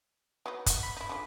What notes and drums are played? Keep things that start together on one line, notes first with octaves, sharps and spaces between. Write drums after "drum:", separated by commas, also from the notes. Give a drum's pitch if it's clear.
F#3 B3 D#4
D#4 F#4, drum: kick, hi-hat
B5
D#4 E4
D3 G#3 F4